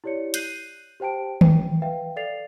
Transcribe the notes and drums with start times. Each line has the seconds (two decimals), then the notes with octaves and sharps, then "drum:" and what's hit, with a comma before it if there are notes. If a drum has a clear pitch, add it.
0.04 E4 G4 C#5 D5 C#7
0.34 F#6 G6 C7 D#7 F#7, drum: hi-hat
1.00 G4 C5 G5 A5 D7
1.41 G5, drum: tom D#3
1.82 B4 E5 F5 G5
2.16 A4 D5 F5 A6 C7 F7